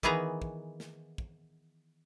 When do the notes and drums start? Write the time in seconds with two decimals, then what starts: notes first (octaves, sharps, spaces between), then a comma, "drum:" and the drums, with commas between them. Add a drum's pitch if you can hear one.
0.03 D#3 E3 B3 G#4 B4 A#5, drum: kick
0.42 drum: kick
0.80 drum: snare
1.18 drum: kick